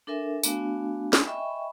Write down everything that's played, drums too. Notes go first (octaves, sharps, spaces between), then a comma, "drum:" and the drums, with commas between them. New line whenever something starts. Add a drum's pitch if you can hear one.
D4 A4 A#4 E5 G#5
A3 B3 D4 F#4 F5 G#5, drum: tambourine
drum: snare
D#5 E5 G5 G#5 B5 C#6